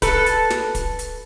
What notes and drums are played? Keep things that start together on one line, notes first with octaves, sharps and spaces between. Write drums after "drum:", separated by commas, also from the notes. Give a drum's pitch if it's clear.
A4 B4, drum: kick, hi-hat
drum: hi-hat
drum: snare
drum: kick, hi-hat
drum: hi-hat